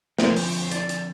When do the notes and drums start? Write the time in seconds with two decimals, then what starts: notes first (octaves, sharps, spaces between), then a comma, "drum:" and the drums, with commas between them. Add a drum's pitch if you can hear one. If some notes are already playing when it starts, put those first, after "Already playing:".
0.18 D3 F3 C4 C5, drum: snare
0.36 drum: open hi-hat
0.62 C5
0.71 D5, drum: hi-hat
0.89 drum: hi-hat